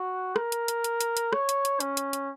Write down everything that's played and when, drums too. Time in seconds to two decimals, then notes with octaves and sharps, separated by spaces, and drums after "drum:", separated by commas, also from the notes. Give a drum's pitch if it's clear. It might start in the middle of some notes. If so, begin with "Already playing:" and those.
Already playing: F#4
0.36 A#4, drum: rim click
0.52 drum: hi-hat
0.68 drum: hi-hat
0.84 drum: hi-hat
1.01 drum: hi-hat
1.17 drum: hi-hat
1.33 C#5, drum: rim click
1.49 drum: hi-hat
1.65 drum: hi-hat
1.80 C#4, drum: hi-hat
1.97 drum: hi-hat
2.13 drum: hi-hat